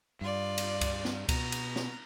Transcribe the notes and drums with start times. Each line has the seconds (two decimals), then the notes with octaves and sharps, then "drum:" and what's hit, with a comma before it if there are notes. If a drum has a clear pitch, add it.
0.21 G2 F4 D5
0.58 drum: cymbal
0.81 drum: kick C#2, cymbal
1.05 drum: snare
1.29 B2 A#5, drum: kick C#2, cymbal
1.52 drum: cymbal
1.76 drum: snare